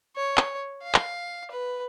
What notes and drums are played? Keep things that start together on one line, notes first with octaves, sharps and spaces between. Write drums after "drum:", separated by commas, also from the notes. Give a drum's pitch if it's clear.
C#5
drum: clap
F5
drum: clap
B4